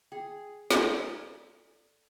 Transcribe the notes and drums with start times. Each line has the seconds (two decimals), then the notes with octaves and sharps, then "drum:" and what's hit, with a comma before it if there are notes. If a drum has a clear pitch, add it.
0.12 G#4 G5
0.70 drum: snare
0.83 A4 D5 A#5